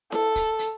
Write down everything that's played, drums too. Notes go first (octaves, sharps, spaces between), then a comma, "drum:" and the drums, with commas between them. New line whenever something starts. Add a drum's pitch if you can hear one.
A4, drum: snare E4
drum: kick, hi-hat
drum: hi-hat